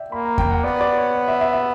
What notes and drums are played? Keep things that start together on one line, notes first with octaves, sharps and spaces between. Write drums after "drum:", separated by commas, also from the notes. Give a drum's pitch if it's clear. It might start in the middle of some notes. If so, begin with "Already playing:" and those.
Already playing: D5 E5 G5
A#3 B5
A#5
G5, drum: kick E2
F#5
B3 D5
D5
C#5
D5
E5
E5
E5